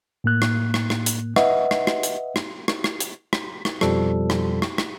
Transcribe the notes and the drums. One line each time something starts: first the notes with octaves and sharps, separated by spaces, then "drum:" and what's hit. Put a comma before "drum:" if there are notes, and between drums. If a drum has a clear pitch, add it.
A2 A#3 F#6
drum: rim click
drum: rim click
drum: rim click
drum: hi-hat
B4 D#5 E5 F#5, drum: rim click
drum: rim click
drum: rim click
drum: hi-hat
drum: rim click
drum: rim click
drum: rim click
drum: hi-hat
drum: rim click
drum: rim click
F2 B2 F3 G3 A4, drum: rim click
drum: rim click
drum: rim click
drum: rim click